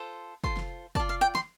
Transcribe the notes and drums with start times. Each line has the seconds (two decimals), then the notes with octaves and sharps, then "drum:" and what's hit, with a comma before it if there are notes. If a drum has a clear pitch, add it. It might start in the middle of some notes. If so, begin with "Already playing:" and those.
Already playing: F4 A4 C5
0.44 F4 A4 C5 C6, drum: kick
0.57 drum: snare
0.95 F4 D5 A5, drum: kick
1.09 F5
1.21 G5
1.35 C6, drum: snare